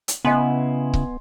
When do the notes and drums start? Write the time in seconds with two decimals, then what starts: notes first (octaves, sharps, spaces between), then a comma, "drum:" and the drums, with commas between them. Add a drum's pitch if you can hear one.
0.08 drum: hi-hat
0.25 C#3 B3 E4 D#5 G#5 C6
0.94 drum: kick C#1